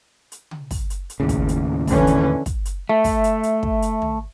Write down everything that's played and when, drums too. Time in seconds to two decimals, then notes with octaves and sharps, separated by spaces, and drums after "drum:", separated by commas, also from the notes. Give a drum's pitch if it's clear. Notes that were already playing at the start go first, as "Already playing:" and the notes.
0.32 drum: hi-hat
0.51 drum: tom C#3
0.71 drum: kick, open hi-hat
0.90 drum: hi-hat
1.10 drum: hi-hat
1.20 D#2 A2 C#3
1.29 drum: kick, hi-hat
1.49 drum: hi-hat
1.88 D3 E3 C#4, drum: kick, open hi-hat
2.07 drum: hi-hat
2.46 drum: kick, hi-hat
2.65 drum: hi-hat
2.89 A3 E5
3.04 drum: kick, open hi-hat
3.24 drum: hi-hat
3.43 drum: hi-hat
3.63 drum: kick
3.82 drum: hi-hat
4.02 drum: tom